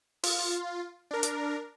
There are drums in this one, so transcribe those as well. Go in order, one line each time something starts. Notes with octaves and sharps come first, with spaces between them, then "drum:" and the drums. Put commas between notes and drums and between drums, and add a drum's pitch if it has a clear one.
F4, drum: open hi-hat
D4 A#4
drum: hi-hat